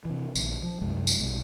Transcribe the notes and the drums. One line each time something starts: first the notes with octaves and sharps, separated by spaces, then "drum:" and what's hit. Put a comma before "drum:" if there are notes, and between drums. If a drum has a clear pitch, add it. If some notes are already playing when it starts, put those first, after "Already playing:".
C3 E3
A#1 D#3, drum: tambourine
F3
C2 F#2 G#3
drum: tambourine
B1 B2 G3